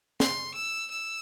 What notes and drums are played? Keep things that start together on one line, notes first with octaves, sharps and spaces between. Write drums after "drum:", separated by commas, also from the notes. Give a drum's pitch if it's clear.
C6, drum: snare
E6
E6